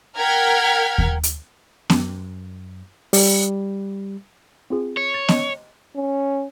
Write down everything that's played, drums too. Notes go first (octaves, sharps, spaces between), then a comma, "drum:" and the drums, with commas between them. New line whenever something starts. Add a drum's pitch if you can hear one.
A#4 F#5 G5 F6 G#6 B6
drum: kick D#2
drum: hi-hat
F#2, drum: snare B3
G3, drum: open hi-hat
C4 F4 G#4
C#5
A6
D#5, drum: snare B3
C#4